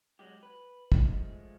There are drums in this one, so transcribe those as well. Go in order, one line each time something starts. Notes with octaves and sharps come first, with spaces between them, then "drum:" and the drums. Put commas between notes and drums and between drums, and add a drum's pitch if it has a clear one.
F#3 G#3 G4
B4
F3 G#3 A3, drum: kick